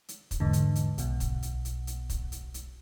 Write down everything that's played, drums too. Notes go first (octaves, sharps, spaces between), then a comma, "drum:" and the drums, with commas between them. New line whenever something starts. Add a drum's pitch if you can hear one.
drum: hi-hat
drum: kick, hi-hat
E2 G#2 D3
drum: hi-hat
drum: hi-hat
B1 B2, drum: hi-hat
drum: kick, hi-hat
drum: hi-hat
drum: hi-hat
drum: hi-hat
drum: kick, hi-hat
drum: hi-hat
drum: hi-hat